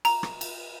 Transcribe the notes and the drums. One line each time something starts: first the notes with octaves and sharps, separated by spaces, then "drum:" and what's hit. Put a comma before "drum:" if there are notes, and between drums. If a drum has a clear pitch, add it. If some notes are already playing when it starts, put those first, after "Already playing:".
A#5, drum: cymbal
drum: rim click
drum: cymbal